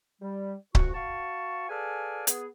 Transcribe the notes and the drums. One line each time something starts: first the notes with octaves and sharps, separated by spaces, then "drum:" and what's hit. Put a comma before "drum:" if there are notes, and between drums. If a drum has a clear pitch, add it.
G3
F2 F#4 C#6, drum: kick C#1
F#4 F5 A5 C#6
G#4 A4 B4 D5 F5 G#5
B3 G#4, drum: hi-hat